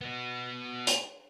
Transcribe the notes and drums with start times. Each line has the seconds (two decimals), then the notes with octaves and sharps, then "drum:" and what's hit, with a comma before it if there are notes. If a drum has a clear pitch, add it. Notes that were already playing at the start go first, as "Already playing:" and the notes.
0.01 B3 F#4
0.87 drum: hi-hat